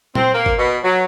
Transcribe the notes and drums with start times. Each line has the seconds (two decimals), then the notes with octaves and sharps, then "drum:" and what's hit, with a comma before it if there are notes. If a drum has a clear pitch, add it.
0.15 C4, drum: tom A#2
0.34 A#3
0.46 drum: kick
0.58 B2
0.84 F#3